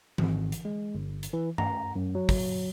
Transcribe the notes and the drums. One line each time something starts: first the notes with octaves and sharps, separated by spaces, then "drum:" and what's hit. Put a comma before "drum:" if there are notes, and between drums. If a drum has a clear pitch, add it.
G#1, drum: tom E3
drum: hi-hat
G#3
G1
drum: hi-hat
E3
A#5, drum: tom
F#2
F#3
drum: kick, open hi-hat